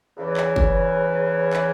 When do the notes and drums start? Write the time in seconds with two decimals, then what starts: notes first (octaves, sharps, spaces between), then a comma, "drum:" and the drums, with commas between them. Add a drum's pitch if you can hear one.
0.17 E2 C#3 E3
0.37 drum: clap
0.56 drum: kick
1.53 drum: clap